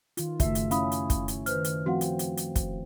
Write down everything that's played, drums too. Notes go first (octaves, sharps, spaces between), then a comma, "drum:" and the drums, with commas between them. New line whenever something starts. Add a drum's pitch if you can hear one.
D#3 F4, drum: hi-hat
F#2 C#3 A3 E5, drum: kick, hi-hat
drum: hi-hat
C#4 E4 F5 B5 D#6, drum: hi-hat
drum: hi-hat
drum: kick, hi-hat
drum: hi-hat
D#3 B4 C5 F6, drum: hi-hat
drum: hi-hat
F3 A3 C4 F#4 F5 F#5 C6
drum: hi-hat
drum: hi-hat
drum: hi-hat
drum: kick, hi-hat